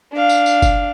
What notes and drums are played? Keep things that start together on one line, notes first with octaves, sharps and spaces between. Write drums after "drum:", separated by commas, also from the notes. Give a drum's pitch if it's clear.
D4 F5
drum: tambourine
drum: tambourine
drum: kick F#1, tambourine